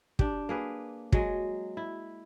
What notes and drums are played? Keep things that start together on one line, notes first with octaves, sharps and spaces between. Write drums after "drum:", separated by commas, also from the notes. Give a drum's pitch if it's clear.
D4 G4, drum: kick
A#3 G#4 B4
F#3 G#3, drum: kick
E4